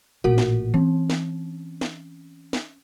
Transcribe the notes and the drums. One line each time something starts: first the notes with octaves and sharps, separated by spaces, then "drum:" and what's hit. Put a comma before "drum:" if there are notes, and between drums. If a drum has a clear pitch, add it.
A1 A#2 F#4 A#4 F#5
drum: snare
E3 C4 C#4
drum: snare
drum: snare
drum: snare